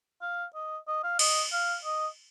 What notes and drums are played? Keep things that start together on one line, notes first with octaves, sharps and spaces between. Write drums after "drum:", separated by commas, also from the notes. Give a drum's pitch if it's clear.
F5
D#5
D#5
F5
D#5, drum: cymbal
F5
D#5